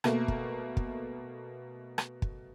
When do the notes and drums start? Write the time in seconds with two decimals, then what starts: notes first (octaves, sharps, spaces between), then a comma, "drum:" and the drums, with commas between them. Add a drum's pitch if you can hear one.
0.04 B2 A3 A#3, drum: rim click
0.28 drum: kick
0.77 drum: kick
1.98 drum: rim click
2.22 drum: kick